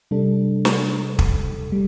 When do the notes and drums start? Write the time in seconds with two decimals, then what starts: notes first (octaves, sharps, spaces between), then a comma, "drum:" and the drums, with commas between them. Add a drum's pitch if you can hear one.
0.11 C3 G3 D4 A4
0.65 drum: snare
1.19 drum: kick
1.72 G3